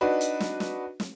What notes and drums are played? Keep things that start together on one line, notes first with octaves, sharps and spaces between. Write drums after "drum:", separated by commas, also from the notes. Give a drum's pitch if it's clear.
D4 D#4 F#4 B4
drum: hi-hat
drum: snare
drum: snare
drum: snare